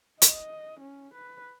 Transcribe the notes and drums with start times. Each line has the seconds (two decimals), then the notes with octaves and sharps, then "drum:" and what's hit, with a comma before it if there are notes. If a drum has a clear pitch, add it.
0.22 D#5, drum: hi-hat
0.80 C#4
1.14 B4